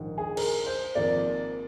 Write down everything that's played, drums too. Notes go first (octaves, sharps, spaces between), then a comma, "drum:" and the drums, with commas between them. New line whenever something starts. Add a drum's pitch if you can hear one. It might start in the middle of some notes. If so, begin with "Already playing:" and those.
Already playing: A#1 G#2 D#3
G#4
A#4, drum: cymbal
C5
G#1 G#2 F3 A#3 D5